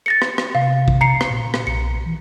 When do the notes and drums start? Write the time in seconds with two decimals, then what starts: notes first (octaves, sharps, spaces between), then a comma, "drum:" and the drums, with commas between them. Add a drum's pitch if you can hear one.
0.06 A6 A#6 C#7
0.22 drum: rim click
0.38 drum: rim click
0.55 C3 F5
0.88 drum: kick
1.01 A#5 C7 C#7
1.21 drum: rim click
1.30 A#2
1.54 drum: rim click
1.67 B1 C#7
2.06 E3